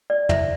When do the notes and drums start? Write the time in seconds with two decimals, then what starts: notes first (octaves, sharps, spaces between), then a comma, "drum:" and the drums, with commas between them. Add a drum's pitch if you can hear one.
0.10 D5
0.29 E4 C5 E5, drum: tom